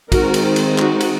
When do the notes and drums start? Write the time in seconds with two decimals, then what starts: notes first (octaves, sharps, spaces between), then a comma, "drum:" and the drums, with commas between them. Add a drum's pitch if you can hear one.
0.12 D#3 G#3 C4 F#4 A#4, drum: kick, cymbal
0.34 drum: cymbal
0.56 drum: cymbal
0.78 D#4 F#4, drum: clap
1.01 drum: cymbal